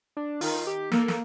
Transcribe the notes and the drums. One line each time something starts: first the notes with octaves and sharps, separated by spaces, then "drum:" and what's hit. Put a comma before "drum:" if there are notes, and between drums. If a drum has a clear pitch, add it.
D4
D#3 F4, drum: open hi-hat
G4
A#3 A4, drum: snare
drum: snare